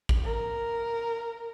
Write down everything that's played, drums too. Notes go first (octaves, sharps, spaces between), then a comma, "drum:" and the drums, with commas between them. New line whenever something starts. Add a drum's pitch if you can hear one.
drum: kick A1
A#4